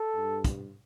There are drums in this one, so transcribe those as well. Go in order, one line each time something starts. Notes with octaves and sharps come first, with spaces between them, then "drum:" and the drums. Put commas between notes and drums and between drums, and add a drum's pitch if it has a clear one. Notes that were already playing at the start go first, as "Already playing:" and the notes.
Already playing: A4
G2
drum: kick, hi-hat